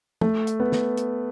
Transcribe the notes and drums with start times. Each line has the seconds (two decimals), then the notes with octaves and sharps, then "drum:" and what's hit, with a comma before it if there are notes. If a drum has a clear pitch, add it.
0.21 A3, drum: tom
0.47 drum: hi-hat
0.60 B3
0.72 drum: snare
0.97 drum: hi-hat